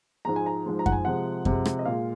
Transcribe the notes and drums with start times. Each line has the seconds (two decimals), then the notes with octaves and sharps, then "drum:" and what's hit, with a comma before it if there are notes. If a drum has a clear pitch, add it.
0.25 G#2 F3 G#3 A#5
0.36 G#5
0.46 A#5
0.66 G#2 F3 G#3
0.79 A#5
0.86 F#5, drum: kick F#2
0.92 G#5
1.05 C3 F3 G#3 F#5
1.45 C3 F3 G#3, drum: kick F#2
1.65 drum: rim click
1.79 D#5
1.85 A#2 G#3 F5